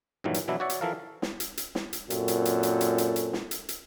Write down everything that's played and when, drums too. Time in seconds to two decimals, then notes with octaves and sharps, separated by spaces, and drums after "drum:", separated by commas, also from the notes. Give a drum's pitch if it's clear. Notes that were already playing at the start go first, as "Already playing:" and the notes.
0.24 G2 A#2 D#3 E3 F#3
0.34 drum: hi-hat
0.48 B2 E3 F#3 D4 E4
0.60 F#4 C#5 D5 E5 F#5
0.70 drum: hi-hat
0.81 E3 F3 A4 A#4 F5
1.22 drum: snare
1.40 drum: hi-hat
1.57 drum: hi-hat
1.75 drum: snare
1.93 drum: hi-hat
2.10 F#2 A#2 C4 F#4 A4, drum: hi-hat
2.28 drum: hi-hat
2.45 drum: hi-hat
2.63 drum: hi-hat
2.81 drum: hi-hat
2.98 drum: hi-hat
3.16 drum: hi-hat
3.33 drum: snare
3.51 drum: hi-hat
3.69 drum: hi-hat